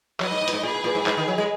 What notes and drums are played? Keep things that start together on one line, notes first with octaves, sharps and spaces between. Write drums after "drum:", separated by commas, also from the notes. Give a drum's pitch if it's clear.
F#3 B4 D#5, drum: clap
G#2
G#2
A#2, drum: hi-hat
G#2
A#2 G#4 B4
B2
A#2
G#2
G#2, drum: clap
D#3
F#3
G#3